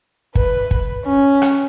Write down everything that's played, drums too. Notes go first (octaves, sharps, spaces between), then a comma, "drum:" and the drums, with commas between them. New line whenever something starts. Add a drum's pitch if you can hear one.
B4, drum: kick
drum: kick
C#4
drum: rim click